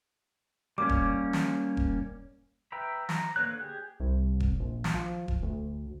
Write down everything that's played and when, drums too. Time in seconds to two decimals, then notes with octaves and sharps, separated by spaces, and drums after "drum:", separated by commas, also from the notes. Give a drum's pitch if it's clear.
0.78 G3 A#3 C#4 D6
0.89 drum: kick E1
1.33 drum: snare
1.77 drum: kick E1
2.72 B4 E5 G5 A#5 B5
3.09 A#5, drum: snare
3.36 D3 A#3 B4 C#5 F#6
3.60 G4 G#4
4.00 C2
4.40 drum: kick E1
4.59 A#1
4.84 drum: snare
4.94 F3
5.28 drum: kick E1
5.43 D2